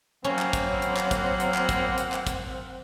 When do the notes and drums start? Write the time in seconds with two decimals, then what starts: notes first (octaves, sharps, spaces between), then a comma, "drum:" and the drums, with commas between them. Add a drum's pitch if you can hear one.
0.24 B2 F#3 A#3 C4 C#4 F#5
0.39 drum: clap
0.53 drum: kick, hi-hat
0.82 drum: hi-hat
0.97 drum: clap
1.11 drum: kick, hi-hat
1.40 drum: hi-hat
1.54 drum: clap
1.69 drum: kick, hi-hat
1.98 drum: hi-hat
2.12 drum: clap
2.27 drum: kick, hi-hat